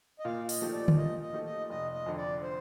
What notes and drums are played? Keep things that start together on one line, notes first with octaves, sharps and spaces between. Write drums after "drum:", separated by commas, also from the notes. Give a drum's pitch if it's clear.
D#5
A#2 F5
D#5, drum: open hi-hat
F3 A3 D#4 G4
D5
drum: tom
A#2 D#5
D#5
F3 A3 D#4 G4
D#5
F1 D#5
D#5
F2 D3
D5
C5